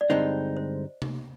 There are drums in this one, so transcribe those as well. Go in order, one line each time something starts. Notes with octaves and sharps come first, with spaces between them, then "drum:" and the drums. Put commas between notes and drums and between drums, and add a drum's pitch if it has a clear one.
D5
G2 D3 G#3 C4 D#4 D#5
C5
drum: tom C3